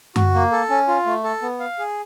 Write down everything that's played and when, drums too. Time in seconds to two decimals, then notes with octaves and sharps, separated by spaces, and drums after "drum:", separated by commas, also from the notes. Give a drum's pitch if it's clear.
0.16 F#4, drum: tom F#2
0.35 A#3
0.52 A4
0.70 C#4
0.88 F4
1.06 A3
1.24 A4
1.42 B3
1.60 F5
1.79 G#4